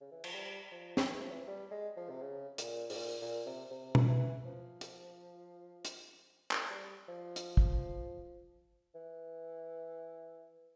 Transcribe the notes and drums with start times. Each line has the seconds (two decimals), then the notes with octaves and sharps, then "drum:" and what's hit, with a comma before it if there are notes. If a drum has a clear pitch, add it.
0.01 C#3
0.11 E3
0.24 F3, drum: cymbal
0.35 G3
0.71 F3
0.97 drum: snare
1.10 E3
1.21 F3
1.31 E3
1.47 G3
1.71 G#3
1.97 F3
2.09 C3
2.22 C#3
2.58 A#2, drum: hi-hat
2.90 G#2, drum: open hi-hat
2.96 A#2
3.22 A#2
3.46 C3
3.71 C3
3.95 drum: tom B2
4.09 E3
4.45 F3
4.81 drum: hi-hat
5.85 drum: hi-hat
6.51 drum: clap
6.70 G3
7.08 F3
7.36 drum: hi-hat
7.57 drum: kick
8.95 E3